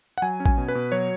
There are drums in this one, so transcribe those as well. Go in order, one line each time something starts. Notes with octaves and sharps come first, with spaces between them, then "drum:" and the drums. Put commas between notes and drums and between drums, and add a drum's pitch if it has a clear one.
F#5
F#3 G#5
C#4
G#5, drum: kick A1
B2
B4
B2
F#3 C#5